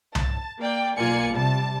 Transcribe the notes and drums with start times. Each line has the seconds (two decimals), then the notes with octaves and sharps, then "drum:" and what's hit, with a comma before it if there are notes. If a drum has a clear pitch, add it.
0.15 A5, drum: tom C2
0.59 A#3 D5 G5
0.98 B1 A#3 F4 D5 G#5 C#7
1.32 C3 G3 A5